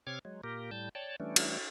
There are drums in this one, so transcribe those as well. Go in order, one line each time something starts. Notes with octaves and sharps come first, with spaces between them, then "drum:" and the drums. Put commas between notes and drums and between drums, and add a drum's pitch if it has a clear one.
C3 C4 C#5 D6 F6 G#6
F#3 G#3
A#2 A#3 G4 A#4
A2 G3 A5 G6
C#5 D5 G5 A5
E3 G3 A3 C#4 D4
drum: cymbal